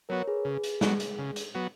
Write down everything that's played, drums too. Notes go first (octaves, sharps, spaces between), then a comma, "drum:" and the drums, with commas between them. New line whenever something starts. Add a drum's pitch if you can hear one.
F#3 B3 F#4 A#4 C#5
G#4 B4
C#3
drum: hi-hat
F#3 B3 F#4, drum: snare
drum: hi-hat
C#3
drum: hi-hat
F#3 B3 F#4